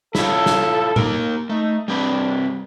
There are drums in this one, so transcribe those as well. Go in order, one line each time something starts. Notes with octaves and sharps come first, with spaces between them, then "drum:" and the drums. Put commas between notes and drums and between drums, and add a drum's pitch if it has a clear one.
E4 F4 A4 C#5, drum: snare
drum: snare
A#3 D#4 A#4, drum: tom A#2
A3 D#4
G3 C4 D4 B4